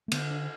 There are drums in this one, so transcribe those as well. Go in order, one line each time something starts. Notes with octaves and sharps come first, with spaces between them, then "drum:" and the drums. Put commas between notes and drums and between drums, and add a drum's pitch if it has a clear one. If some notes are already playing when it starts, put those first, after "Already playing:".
A3
D3 B3, drum: cymbal
D4